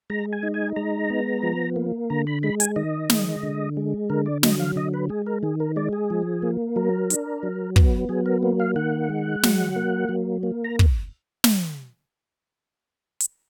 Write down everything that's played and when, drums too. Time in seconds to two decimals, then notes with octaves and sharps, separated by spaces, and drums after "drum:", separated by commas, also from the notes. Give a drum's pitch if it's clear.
0.10 G#3 A#5
0.33 G#5
0.43 D#4
0.54 G#5
0.76 G#3 A#5
1.10 B3
1.43 F3
1.76 A#3
2.10 D3 A#5
2.27 B5
2.43 G#3 B5
2.60 G#5, drum: hi-hat
2.76 D#3 D#5
3.10 G#3, drum: snare
3.43 D3
3.77 G#3
4.10 D3 A#4
4.26 D5
4.43 F#3 D#5, drum: snare
4.60 F5
4.76 D3 D#5
4.94 B4
5.09 G#3 G#4
5.26 A#4
5.43 D#3 G#4
5.60 A#4
5.76 G#3 D5
5.93 G#4
6.10 F3
6.42 A#3
6.76 F#3 A#4
7.10 D4, drum: hi-hat
7.43 F#3
7.76 B3, drum: kick
8.09 F#3 G#4
8.26 A#4
8.43 A#3
8.60 F5
8.76 D#3 F#5
9.09 G#3
9.43 F#3, drum: snare
9.76 A#3
10.09 F#3
10.43 A#3
10.64 A#5
10.79 drum: kick
11.44 drum: snare
13.20 drum: hi-hat